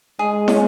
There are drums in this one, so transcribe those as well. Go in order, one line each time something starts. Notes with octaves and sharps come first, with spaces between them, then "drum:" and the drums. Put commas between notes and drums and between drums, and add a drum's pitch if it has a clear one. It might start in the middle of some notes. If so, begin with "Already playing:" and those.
G#3 G#4
C#4, drum: snare